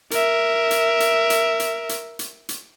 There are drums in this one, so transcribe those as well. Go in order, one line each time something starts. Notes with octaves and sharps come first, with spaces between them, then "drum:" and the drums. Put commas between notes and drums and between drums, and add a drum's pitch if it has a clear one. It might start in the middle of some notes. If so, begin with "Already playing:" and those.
A#4 E5, drum: hi-hat
drum: hi-hat
drum: hi-hat
drum: hi-hat
drum: hi-hat
drum: hi-hat
drum: hi-hat
drum: hi-hat